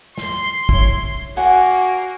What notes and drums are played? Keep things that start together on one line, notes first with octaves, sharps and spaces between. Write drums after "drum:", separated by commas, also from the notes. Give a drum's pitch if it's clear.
C6, drum: snare
E4 C#5, drum: kick
A#3 F#4 C#5 F#5 G#5, drum: open hi-hat